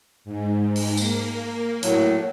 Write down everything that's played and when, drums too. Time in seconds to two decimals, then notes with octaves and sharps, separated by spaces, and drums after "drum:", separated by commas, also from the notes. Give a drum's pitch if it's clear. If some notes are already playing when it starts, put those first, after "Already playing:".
0.24 G#2
0.76 drum: open hi-hat
0.97 A#3, drum: tambourine
1.83 A2 F#3, drum: hi-hat